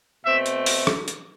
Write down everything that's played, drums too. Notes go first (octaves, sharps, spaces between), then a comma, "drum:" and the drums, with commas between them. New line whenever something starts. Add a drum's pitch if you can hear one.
B2 A3 C4 E5
drum: hi-hat
drum: open hi-hat
drum: rim click
drum: hi-hat